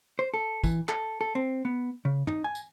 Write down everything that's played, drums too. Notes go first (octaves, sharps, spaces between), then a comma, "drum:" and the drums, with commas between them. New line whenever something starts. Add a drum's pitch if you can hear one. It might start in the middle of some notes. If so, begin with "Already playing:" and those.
C5
A4
E3, drum: kick, tambourine
A4, drum: clap
A4
C4
B3
C#3
D#4, drum: tom
G#5
drum: tambourine